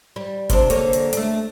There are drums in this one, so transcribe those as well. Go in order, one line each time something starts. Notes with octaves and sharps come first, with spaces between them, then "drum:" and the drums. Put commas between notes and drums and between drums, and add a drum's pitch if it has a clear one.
G3
C3 D4, drum: kick F1, hi-hat
D3 A#3 C#5, drum: hi-hat
drum: hi-hat
A3 D4, drum: hi-hat